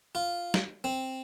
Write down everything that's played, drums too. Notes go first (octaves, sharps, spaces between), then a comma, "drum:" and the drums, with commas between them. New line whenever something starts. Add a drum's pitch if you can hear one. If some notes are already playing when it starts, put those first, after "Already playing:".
F4
drum: snare
C4